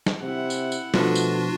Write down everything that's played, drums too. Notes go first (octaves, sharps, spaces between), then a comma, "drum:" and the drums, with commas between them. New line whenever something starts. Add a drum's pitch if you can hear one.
drum: snare
C3 E4 F#5
drum: tambourine
drum: tambourine
B2 F3 A3 B3 D4 F4 F#4, drum: snare
drum: tambourine